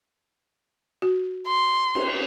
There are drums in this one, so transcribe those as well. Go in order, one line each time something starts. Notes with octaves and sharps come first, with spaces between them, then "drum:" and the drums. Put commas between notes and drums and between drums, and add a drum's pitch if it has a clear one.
F#4
C6
drum: cymbal